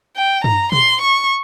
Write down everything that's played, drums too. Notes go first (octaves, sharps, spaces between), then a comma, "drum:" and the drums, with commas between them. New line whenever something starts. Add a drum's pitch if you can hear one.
G5
A#5, drum: tom
C6, drum: tom
C#6